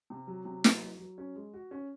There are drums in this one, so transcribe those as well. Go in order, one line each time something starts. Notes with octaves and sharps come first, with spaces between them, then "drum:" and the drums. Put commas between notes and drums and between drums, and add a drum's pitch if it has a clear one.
C3
F#3
C3
F#3, drum: snare
F#3
F#3
C#4
G#3
F#4
C#4